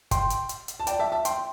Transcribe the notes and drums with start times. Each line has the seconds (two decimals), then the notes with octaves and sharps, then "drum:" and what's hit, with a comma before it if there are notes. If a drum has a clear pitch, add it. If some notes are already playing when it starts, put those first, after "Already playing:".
0.11 G5 C6, drum: kick, hi-hat
0.30 drum: hi-hat
0.49 drum: hi-hat
0.68 drum: hi-hat
0.80 A5
0.87 D5 G5, drum: hi-hat
0.99 E5 A5
1.12 E5 A5
1.25 G5 C6, drum: hi-hat